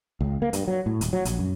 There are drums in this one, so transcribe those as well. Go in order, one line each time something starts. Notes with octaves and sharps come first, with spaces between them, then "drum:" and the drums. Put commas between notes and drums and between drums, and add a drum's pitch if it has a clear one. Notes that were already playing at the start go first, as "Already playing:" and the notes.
C#2
A#3
G2, drum: hi-hat
F#3
A2
D#1, drum: hi-hat
F#3
A#1, drum: hi-hat
F#2